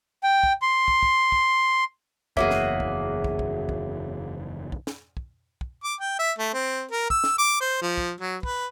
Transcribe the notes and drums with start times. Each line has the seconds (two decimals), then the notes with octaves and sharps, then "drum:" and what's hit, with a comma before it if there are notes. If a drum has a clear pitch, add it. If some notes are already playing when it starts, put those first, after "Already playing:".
0.23 G5
0.43 drum: kick
0.62 C6
0.88 drum: kick
1.03 drum: kick
1.32 drum: kick
2.37 F#1 E2 A#3 F#4 G#4 C#5 E5, drum: kick
2.51 drum: snare
2.80 drum: kick
3.24 drum: kick
3.39 drum: kick
3.69 drum: kick
4.72 drum: kick
4.87 drum: snare
5.17 drum: kick
5.61 drum: kick
5.84 D6
6.00 G5
6.19 E5
6.39 A3
6.54 C4
6.91 A#4
7.10 E6, drum: kick
7.24 drum: snare
7.38 D6
7.61 C5
7.82 F3
7.98 drum: kick
8.20 F#3
8.43 B4, drum: kick